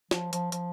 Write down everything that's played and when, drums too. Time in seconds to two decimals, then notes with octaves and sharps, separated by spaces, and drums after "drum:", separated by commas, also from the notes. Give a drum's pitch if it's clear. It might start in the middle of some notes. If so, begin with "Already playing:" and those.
0.11 F3, drum: snare
0.33 F3, drum: hi-hat
0.52 F3, drum: hi-hat